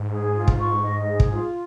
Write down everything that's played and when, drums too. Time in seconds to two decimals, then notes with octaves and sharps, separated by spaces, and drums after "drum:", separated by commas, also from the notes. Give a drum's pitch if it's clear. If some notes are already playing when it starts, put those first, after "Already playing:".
Already playing: G#2
0.11 G#4
0.35 F4
0.48 drum: kick
0.59 C#6
0.83 D#5
1.08 G#4
1.20 drum: kick
1.31 F4